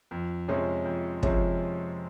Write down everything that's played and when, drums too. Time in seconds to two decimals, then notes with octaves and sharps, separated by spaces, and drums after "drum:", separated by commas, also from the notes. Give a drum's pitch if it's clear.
0.11 F2
0.48 C3 F3 G#3 C#4
0.85 F2
1.23 C3 F3 G#3 C#4, drum: kick